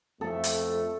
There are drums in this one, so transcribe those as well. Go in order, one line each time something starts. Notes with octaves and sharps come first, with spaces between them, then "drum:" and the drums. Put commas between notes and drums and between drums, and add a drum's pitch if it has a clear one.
F2 A3 A4 E5
drum: hi-hat